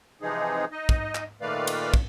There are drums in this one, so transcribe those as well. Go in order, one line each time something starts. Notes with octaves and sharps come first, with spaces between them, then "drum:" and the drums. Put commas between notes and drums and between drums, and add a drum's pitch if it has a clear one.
C3 E3 F3 G#3 D#4 G#4
D#4 D#5
drum: kick
drum: clap
A#2 D#3 A3 B4 D5 F5
drum: cymbal
drum: kick